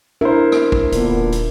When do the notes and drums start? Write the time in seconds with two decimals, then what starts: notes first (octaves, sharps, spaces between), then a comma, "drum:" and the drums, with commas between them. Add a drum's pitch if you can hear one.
0.21 D4 E4 A#4 C5
0.52 drum: rim click
0.72 drum: kick
0.92 D#1 A#2 D3 B3, drum: hi-hat
1.32 drum: hi-hat